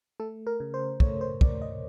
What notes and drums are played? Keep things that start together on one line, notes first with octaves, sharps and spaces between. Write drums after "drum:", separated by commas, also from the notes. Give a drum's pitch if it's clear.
A3 A4
A#4
C#3
C5
A3 C#5, drum: kick
C5
D#2 D5, drum: kick
D#5